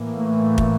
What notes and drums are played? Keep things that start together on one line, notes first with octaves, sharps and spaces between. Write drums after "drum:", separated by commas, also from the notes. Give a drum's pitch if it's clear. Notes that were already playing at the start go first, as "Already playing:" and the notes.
Already playing: A2 E3 A#3
A3
drum: kick